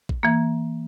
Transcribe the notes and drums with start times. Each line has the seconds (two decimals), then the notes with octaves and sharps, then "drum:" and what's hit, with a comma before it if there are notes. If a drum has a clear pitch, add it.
0.09 drum: kick A1
0.23 E3 A#3